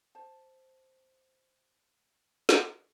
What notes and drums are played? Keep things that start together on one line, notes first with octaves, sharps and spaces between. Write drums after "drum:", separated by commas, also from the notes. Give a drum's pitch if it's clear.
C5 A5
drum: snare